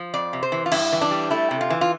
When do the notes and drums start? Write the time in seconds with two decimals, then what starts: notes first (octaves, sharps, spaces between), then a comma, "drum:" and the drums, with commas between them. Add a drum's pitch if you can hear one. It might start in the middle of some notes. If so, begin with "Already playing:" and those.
Already playing: F3
0.14 F2 D5
0.33 C3
0.43 C5
0.52 E3
0.66 F4
0.72 G2 E4, drum: cymbal
0.92 E3
1.01 D4
1.11 G3
1.31 A3 E4
1.51 C3
1.61 F4
1.70 E3
1.81 F4